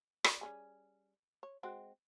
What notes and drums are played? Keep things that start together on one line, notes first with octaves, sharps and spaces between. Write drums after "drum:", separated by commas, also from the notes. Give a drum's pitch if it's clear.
F#4 A4 D5, drum: rim click
G3 C#4 G#4
C#5
G#3 C4 F#4